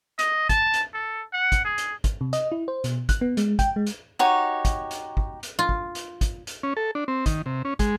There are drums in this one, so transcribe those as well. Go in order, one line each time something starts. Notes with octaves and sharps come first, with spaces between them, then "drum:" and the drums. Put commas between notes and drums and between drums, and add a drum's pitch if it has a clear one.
D#5, drum: hi-hat
A5, drum: kick, hi-hat
drum: hi-hat
A4
F#5
drum: kick, hi-hat
G#4
drum: hi-hat
drum: kick, hi-hat
C3
D#5, drum: hi-hat
E4
C5
B2, drum: hi-hat
F#6, drum: kick, hi-hat
B3
G#3, drum: hi-hat
G5, drum: kick, hi-hat
G#3
drum: hi-hat
D#4 F#4 G4 C#5
drum: kick, hi-hat
drum: hi-hat
drum: kick
drum: hi-hat
F4
drum: kick
drum: hi-hat
drum: kick, hi-hat
drum: hi-hat
C#4
A4
D4
C4
D#3, drum: kick, hi-hat
C3
C#4
G#3, drum: kick, hi-hat